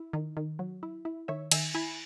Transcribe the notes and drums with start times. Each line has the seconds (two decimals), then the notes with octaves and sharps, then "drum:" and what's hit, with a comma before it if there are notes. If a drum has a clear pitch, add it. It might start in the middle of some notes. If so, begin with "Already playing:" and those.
Already playing: E4
0.13 D#3
0.37 D#3
0.59 F#3
0.83 E4
1.05 E4
1.28 D#3 C#5 E5
1.51 D#3 E5 G#5, drum: cymbal
1.75 E4 G#5 B5